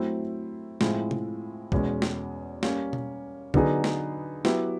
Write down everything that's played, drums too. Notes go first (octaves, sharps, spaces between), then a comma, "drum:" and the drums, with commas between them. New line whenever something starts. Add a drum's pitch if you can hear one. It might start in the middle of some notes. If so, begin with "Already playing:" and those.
Already playing: F#3 A3 C4 E4
A2 F3 G#3 C4 E4, drum: snare
drum: tom C3
E2 B2 G#3 C#4, drum: kick
drum: snare
G3 A#3 C#4, drum: snare
drum: tom B2
D3 F#3 B3 D#4 G#4, drum: kick
drum: snare
F#3 B3 E4 G4, drum: snare